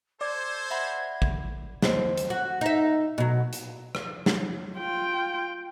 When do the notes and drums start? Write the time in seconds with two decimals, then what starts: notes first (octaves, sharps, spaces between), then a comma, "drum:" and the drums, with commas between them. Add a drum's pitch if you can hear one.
0.21 A4 C5 D5 G#6
0.71 E5 F#5 B5
1.22 drum: kick
1.82 D#2 C4, drum: snare
2.18 drum: hi-hat
2.30 F#4
2.61 D#4 E5
3.18 B2 F#3
3.53 drum: hi-hat
3.95 drum: rim click
4.26 drum: snare
4.77 F4 G5